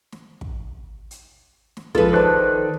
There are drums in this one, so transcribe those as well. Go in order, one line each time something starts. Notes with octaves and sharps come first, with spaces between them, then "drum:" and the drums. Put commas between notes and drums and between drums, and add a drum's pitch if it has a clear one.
drum: snare
drum: kick
drum: hi-hat
drum: snare
F3 G#3 F4 A4 B4, drum: kick
D#3 C5 D5 A5 F#6